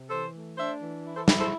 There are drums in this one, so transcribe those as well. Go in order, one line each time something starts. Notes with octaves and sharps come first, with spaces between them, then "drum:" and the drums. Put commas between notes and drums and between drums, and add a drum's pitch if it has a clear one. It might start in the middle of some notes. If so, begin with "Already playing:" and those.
Already playing: C3
E3 A4 C5
A3
D4 C5 E5
E3
E4
A4 C5
E4 G4 B4, drum: snare
A4 C5